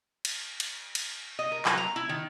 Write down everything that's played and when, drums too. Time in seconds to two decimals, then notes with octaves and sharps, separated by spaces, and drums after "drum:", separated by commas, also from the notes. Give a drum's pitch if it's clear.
0.25 drum: cymbal
0.60 drum: cymbal
0.95 drum: cymbal
1.39 D#5
1.52 A#4
1.65 F#3, drum: clap
1.78 A#5
1.96 E4
2.09 D#3